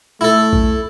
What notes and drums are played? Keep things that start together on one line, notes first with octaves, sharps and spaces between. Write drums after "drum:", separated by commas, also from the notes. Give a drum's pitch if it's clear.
A3 E4 A4
drum: kick A#1